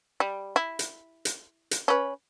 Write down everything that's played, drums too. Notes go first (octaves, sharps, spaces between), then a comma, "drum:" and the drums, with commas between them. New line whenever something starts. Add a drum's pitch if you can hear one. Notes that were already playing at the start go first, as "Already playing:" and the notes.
G3
E4
drum: hi-hat
drum: hi-hat
drum: hi-hat
C#4 B4